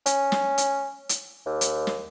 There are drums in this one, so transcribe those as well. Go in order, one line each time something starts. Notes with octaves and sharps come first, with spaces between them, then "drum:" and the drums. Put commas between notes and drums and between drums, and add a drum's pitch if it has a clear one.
C#4, drum: hi-hat
drum: snare
drum: hi-hat
drum: hi-hat
D#2
drum: hi-hat
drum: snare